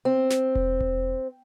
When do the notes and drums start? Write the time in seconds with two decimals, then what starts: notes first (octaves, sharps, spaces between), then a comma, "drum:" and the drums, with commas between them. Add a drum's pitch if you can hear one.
0.05 C4
0.30 drum: snare
0.55 drum: kick E1
0.81 drum: kick E1